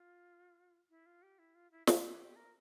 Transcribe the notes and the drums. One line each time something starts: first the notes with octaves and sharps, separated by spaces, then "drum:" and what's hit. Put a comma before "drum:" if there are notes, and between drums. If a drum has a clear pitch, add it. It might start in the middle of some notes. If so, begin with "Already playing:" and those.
Already playing: F4
E4
F4
G4
E4
F4
E4
E4, drum: snare
E4
G4
A#4